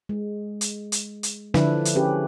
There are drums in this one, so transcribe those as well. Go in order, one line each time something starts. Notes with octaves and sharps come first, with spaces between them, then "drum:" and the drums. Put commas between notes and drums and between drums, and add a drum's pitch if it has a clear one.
G#3
drum: hi-hat
drum: hi-hat
drum: hi-hat
D3 F3 D4 E4 B4, drum: snare
drum: hi-hat
C#4 G4 G#4 B4